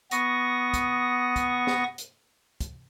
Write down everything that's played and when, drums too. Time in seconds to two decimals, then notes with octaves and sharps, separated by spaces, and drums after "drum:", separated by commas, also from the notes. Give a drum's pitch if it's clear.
0.11 B3 C#6 D#6 A#6, drum: hi-hat
0.74 drum: kick, hi-hat
1.36 drum: kick, hi-hat
1.67 drum: snare
1.98 drum: hi-hat
2.61 drum: kick, hi-hat